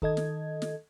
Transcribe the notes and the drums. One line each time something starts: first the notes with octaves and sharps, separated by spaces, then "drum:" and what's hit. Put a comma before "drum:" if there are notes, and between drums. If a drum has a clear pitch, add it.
D#3 A4 D#5 G#6, drum: kick
drum: snare
drum: snare